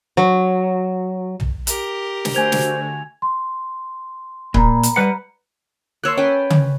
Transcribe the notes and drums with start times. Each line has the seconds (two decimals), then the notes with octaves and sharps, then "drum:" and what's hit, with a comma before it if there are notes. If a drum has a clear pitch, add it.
0.17 F#3
1.40 drum: tom
1.67 G4 A#4, drum: hi-hat
2.25 drum: snare
2.34 D3 A3 F#4 C5 G#5 G#6 F7
2.52 drum: snare
3.22 C6
4.54 A#2 A#5 B5, drum: kick C#1
4.83 drum: hi-hat
4.96 G3 B4 F#5
6.04 A#3 C#5 A5 C6 E6 F#6
6.18 C#4 B4 G5
6.50 drum: tom C#3